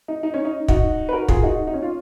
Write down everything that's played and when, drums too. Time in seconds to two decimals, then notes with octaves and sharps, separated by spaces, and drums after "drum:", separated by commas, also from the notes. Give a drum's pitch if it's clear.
0.08 D#4
0.23 D#4
0.34 C#4
0.45 D#4
0.68 D#4 F#4, drum: kick
1.09 B4
1.13 F#4 A#4
1.29 F4 G#4, drum: kick
1.43 D#4 F#4
1.67 D#4
1.74 C#4
1.82 F4